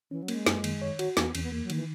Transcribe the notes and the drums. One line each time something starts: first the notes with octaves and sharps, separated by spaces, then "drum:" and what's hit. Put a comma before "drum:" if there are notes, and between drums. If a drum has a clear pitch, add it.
E3 C#4
F#3
A#3, drum: cymbal
G#3
F#2, drum: snare
D#3, drum: cymbal
C#5
F#4, drum: cymbal
E2 A#3, drum: snare
B3
E2 C#4, drum: cymbal
B3
A#3
F#3
D#3, drum: cymbal
E3